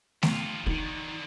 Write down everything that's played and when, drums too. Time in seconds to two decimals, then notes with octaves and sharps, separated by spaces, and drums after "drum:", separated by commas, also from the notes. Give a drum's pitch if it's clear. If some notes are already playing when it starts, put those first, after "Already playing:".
0.23 G2 F4, drum: snare A3
0.67 D3 D#3 D#4